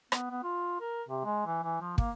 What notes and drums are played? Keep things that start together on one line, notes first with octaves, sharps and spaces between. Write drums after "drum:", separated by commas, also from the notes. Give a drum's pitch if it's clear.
B3, drum: rim click
B3
F4
A#4
C3
G#3
E3
E3
F3
A#3, drum: kick